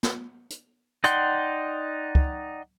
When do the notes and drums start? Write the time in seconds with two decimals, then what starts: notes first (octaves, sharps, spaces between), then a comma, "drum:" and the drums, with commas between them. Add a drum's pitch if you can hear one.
0.03 drum: snare
0.50 drum: hi-hat
1.04 D#4 D5 F#5 G5 C6, drum: hi-hat
2.15 drum: kick